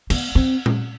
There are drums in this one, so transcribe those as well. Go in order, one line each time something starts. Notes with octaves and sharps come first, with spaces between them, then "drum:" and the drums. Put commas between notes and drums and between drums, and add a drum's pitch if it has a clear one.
B3, drum: cymbal
C4
drum: tom A#2